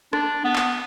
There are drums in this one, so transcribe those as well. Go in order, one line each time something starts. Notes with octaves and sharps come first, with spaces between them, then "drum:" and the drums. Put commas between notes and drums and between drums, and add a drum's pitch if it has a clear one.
D4, drum: rim click
B3
drum: clap